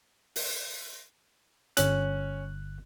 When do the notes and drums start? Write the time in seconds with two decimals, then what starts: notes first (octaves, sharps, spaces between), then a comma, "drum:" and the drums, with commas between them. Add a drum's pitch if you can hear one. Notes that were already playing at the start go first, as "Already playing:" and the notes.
0.36 drum: open hi-hat
1.77 G1 C#4 F#6, drum: hi-hat